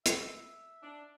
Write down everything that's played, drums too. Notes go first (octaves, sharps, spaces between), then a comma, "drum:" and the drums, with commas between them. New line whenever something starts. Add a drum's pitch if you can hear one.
E5, drum: hi-hat
D4